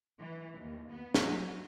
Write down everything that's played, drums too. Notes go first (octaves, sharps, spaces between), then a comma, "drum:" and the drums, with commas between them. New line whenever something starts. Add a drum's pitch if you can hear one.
E3
D#2
B3
drum: snare
F#3